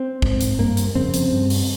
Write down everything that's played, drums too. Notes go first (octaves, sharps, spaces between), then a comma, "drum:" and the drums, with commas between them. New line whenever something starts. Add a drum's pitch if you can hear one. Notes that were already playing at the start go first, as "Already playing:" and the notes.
Already playing: C4
G#2, drum: kick
drum: hi-hat
G2 A#3
drum: hi-hat
F2 C#3 C4
drum: hi-hat
G2
drum: open hi-hat